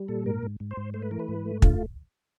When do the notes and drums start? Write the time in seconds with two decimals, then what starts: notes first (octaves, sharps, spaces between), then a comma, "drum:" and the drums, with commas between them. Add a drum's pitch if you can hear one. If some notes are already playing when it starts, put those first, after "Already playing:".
Already playing: G3
0.08 A#2 A4
0.26 G#2 A#4
0.43 G#2
0.60 G#2
0.71 C5
0.77 G#2
0.94 A3 C5
1.02 B4
1.11 E3 A#4
1.19 B4
1.28 G#2
1.45 A3
1.62 D3 F4, drum: kick